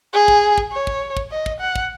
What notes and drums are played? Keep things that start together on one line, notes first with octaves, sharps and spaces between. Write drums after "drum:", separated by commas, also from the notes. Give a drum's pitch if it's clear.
G#4
drum: kick
drum: kick
C#5
drum: kick
drum: kick
D#5
drum: kick
F#5
drum: kick